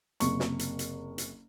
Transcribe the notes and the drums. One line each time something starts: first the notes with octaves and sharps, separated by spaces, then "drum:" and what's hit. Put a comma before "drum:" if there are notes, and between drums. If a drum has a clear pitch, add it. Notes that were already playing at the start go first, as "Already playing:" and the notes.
F#1 C3 C#6, drum: hi-hat
drum: snare
drum: hi-hat
drum: hi-hat
drum: hi-hat